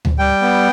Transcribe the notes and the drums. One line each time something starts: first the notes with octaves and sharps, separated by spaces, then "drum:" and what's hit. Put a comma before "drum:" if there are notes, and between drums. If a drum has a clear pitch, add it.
drum: tom D2
G3 G5
B3